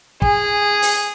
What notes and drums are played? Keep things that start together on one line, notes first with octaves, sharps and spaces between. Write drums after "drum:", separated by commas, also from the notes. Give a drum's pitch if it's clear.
G#4, drum: kick
drum: open hi-hat